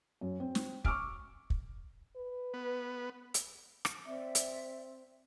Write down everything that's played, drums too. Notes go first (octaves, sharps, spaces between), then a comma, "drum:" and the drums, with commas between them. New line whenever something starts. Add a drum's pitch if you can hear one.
F#2
C4
drum: snare
C#6 D6 E6 F6 D7, drum: kick
drum: kick
B4
B3
drum: hi-hat
drum: rim click
C4 D5 E5
drum: hi-hat